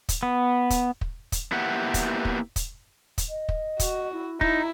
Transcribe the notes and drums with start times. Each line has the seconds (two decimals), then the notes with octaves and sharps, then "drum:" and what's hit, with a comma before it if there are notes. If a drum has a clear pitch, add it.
0.09 drum: kick, hi-hat
0.23 B3
0.70 drum: kick, hi-hat
1.01 drum: kick
1.32 drum: kick, hi-hat
1.52 A#3 B3 E4 G4 F#5
1.94 drum: kick, hi-hat
2.25 drum: kick
2.56 drum: kick, hi-hat
3.18 drum: kick, hi-hat
3.29 D#5
3.49 drum: kick
3.80 F#4, drum: kick, hi-hat
4.12 E4
4.41 D#4 E4 A#5, drum: kick